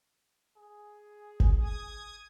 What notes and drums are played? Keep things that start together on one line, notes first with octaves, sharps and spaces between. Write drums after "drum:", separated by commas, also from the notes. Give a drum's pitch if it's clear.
G#4
drum: kick G#1
D#6 G#6